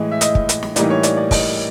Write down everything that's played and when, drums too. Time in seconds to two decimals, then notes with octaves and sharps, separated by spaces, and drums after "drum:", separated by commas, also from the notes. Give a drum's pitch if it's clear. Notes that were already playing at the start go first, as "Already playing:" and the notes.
Already playing: A2 E3 G#3 D#5
0.12 E5
0.21 D#5, drum: hi-hat
0.35 drum: kick
0.49 drum: hi-hat
0.63 drum: snare
0.76 A2 E3 G3 A#3 D#4 D5, drum: hi-hat
0.90 C#5
1.03 D5, drum: hi-hat
1.17 D5
1.31 D#5, drum: kick, open hi-hat